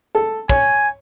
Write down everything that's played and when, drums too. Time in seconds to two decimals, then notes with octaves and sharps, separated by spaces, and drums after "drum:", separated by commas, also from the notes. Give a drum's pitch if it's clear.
0.15 A4
0.49 C#5 G#5, drum: kick